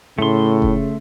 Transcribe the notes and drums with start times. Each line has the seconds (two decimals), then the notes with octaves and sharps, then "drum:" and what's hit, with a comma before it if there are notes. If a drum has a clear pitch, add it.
0.19 A2 C#3 A3 C6
0.62 drum: kick F1